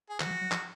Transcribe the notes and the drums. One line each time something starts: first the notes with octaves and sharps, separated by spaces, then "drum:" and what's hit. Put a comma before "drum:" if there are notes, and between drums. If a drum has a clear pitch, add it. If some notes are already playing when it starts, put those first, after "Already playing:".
G#4
D#3 F#4, drum: clap
F#3
F3
F#3
F3, drum: clap